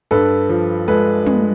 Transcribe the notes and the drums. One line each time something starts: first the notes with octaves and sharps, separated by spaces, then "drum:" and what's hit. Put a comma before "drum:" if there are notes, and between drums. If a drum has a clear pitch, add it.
G2 A4 B4
F3
G#3 A4 B4
G#3, drum: tom